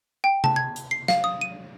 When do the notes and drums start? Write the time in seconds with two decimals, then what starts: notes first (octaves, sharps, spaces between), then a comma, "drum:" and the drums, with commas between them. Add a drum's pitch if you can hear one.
0.24 G5
0.44 A5, drum: tom C3
0.56 G#6
0.76 drum: hi-hat
0.91 C7
1.08 F5, drum: snare
1.24 D#6
1.41 D#7